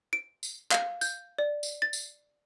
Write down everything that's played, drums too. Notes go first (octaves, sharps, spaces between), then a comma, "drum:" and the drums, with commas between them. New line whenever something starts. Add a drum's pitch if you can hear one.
D7
drum: tambourine
F5, drum: clap
G6, drum: tambourine
D5
drum: tambourine
A6
drum: tambourine